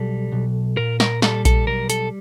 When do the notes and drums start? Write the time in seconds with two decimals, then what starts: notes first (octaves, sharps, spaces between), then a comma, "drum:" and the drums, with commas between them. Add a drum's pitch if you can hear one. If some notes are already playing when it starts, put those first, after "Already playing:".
Already playing: B1 G3 A4
0.32 B1
0.77 A#2 A#4
1.00 A#4, drum: snare
1.22 G3 A4, drum: snare
1.45 A4, drum: kick A#1, hi-hat
1.67 B1 A#4
1.90 A4, drum: hi-hat